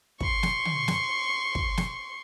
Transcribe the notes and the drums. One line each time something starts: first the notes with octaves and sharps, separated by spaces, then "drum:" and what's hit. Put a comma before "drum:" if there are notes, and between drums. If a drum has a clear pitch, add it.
C6 C#6, drum: kick
drum: snare
drum: tom
drum: snare
drum: kick
drum: snare